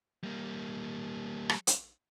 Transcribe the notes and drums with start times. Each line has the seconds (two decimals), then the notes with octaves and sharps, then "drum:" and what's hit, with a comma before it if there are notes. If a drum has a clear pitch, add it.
0.24 G3 A#3
1.49 drum: rim click
1.67 drum: hi-hat